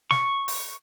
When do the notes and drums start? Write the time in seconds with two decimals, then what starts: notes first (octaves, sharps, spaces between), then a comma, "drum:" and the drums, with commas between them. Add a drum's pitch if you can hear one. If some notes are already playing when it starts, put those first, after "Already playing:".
0.11 C#6, drum: snare
0.48 drum: open hi-hat